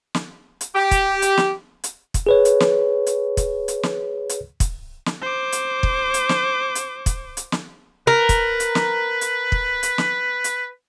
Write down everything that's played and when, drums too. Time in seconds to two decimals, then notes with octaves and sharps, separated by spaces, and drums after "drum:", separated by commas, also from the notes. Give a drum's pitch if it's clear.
0.15 drum: snare
0.61 drum: hi-hat
0.75 G4
0.91 drum: kick, hi-hat
1.22 drum: hi-hat
1.37 drum: snare
1.84 drum: hi-hat
2.14 drum: kick, hi-hat
2.27 G#4 B4 C#5
2.45 drum: hi-hat
2.60 drum: snare
3.07 drum: hi-hat
3.37 drum: kick, hi-hat
3.68 drum: hi-hat
3.83 drum: snare
4.29 drum: hi-hat
4.60 drum: kick, hi-hat
5.06 drum: snare
5.22 C5 D6
5.52 drum: hi-hat
5.83 drum: kick
6.14 drum: hi-hat
6.29 drum: snare
6.75 drum: hi-hat
7.06 drum: kick, hi-hat
7.37 drum: hi-hat
7.52 drum: snare
8.07 A#4 B4
8.29 drum: kick, hi-hat
8.60 drum: hi-hat
8.75 drum: snare
9.21 drum: hi-hat
9.52 drum: kick
9.83 drum: hi-hat
9.98 drum: snare
10.44 drum: hi-hat